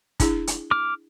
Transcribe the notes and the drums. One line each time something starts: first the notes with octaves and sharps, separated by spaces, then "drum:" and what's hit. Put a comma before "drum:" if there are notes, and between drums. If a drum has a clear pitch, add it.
D4 E4 G#4, drum: kick, hi-hat
drum: hi-hat
D6 F6